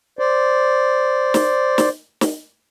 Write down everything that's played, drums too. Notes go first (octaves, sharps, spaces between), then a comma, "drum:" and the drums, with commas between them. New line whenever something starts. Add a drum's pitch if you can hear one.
C5 D5
drum: snare
drum: snare
drum: snare